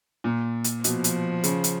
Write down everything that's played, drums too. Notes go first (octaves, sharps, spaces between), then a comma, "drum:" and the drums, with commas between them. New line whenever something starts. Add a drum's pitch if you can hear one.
A#2
drum: hi-hat
B2 F3, drum: hi-hat
drum: hi-hat
C#3, drum: hi-hat
drum: hi-hat